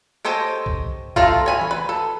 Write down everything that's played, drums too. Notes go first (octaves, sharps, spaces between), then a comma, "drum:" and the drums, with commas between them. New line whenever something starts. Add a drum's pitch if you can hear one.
G4 A4 C5 C#5 D#5
drum: kick
A3 C4 F4 A4 A#5, drum: kick
C#5 G#5 B5
drum: tom E3
B4
A4